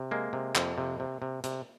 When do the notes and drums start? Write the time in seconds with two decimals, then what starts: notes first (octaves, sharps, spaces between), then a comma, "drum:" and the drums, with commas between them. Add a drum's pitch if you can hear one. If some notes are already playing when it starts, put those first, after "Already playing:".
Already playing: C3
0.11 G#3 A#3
0.33 C3
0.55 F2, drum: clap
0.78 C3
1.00 C3
1.22 C3
1.44 C3, drum: hi-hat